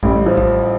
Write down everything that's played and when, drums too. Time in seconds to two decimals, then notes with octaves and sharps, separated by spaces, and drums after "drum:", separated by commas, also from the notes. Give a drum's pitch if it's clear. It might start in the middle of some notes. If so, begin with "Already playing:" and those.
0.03 A1 G3, drum: kick
0.26 F3
0.37 drum: kick